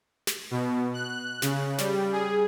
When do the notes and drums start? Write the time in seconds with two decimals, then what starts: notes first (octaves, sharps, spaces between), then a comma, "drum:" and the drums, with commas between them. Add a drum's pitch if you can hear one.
0.27 drum: snare
0.51 B2
0.94 F#6
1.42 C#3, drum: snare
1.78 G3, drum: snare
2.13 G#4